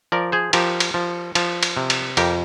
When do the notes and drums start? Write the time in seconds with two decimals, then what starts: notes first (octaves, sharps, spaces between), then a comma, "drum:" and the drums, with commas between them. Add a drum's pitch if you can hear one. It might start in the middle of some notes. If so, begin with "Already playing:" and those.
0.12 F3 A#4 D5
0.32 G#4 C5
0.53 F3 G4 A#4, drum: cymbal
0.80 drum: cymbal
0.94 F3
1.35 F3, drum: cymbal
1.63 drum: cymbal
1.77 C3
1.90 drum: cymbal
2.17 F2 G4 A#4, drum: cymbal